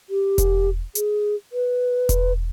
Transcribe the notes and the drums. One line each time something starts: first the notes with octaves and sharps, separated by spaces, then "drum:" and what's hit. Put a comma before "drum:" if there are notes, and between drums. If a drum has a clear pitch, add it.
G4
drum: kick E1, hi-hat
G#4, drum: hi-hat
B4
drum: kick E1, hi-hat